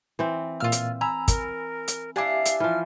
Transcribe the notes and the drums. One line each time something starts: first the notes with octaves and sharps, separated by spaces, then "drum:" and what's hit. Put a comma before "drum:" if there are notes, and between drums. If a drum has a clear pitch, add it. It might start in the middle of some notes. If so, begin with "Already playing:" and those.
E3 C4
A#2 F4 F5 E6 F6
drum: hi-hat
G#5 A#5 B5 E6
A#4, drum: kick, hi-hat
drum: hi-hat
D4 E4 G4 F5 G#5 D6
drum: hi-hat
E3 F3 F6